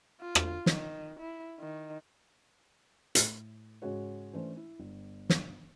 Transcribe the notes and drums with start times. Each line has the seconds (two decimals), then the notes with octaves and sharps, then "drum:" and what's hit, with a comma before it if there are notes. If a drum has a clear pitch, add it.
0.21 F4
0.35 drum: rim click
0.66 D#3, drum: snare
1.20 E4
1.60 D#3
3.15 A2, drum: hi-hat
3.82 G#2 C#3 G#3 F#4 C#5
4.33 E3 A3 C#4 D4 C5
4.57 E4
4.80 G1
5.30 drum: snare